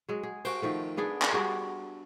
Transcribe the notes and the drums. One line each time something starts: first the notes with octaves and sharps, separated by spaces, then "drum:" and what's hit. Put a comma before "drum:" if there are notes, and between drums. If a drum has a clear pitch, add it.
F#3 G#3
G#4
F#4 C5, drum: cymbal
D#3 F3 A3
B3 D4 G#4 D5
drum: clap
G3 D4 F#4 G#4